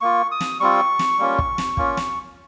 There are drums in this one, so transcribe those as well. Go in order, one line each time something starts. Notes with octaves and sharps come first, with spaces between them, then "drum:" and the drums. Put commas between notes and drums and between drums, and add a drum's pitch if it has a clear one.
A#3 F4 C#6
D#6
drum: snare
G3 C4 F4 C#6
drum: snare
G3 A#3 C#4 F4
drum: kick
drum: snare
A#3 C#4 F4, drum: kick
drum: snare